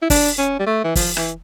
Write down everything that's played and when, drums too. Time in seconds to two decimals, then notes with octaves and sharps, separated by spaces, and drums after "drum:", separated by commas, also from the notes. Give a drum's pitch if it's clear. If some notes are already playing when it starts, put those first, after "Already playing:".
0.02 E4
0.10 D4, drum: kick, open hi-hat
0.38 C#4
0.59 G3
0.66 A3
0.84 E3
0.95 F3, drum: kick, open hi-hat
1.17 E3, drum: rim click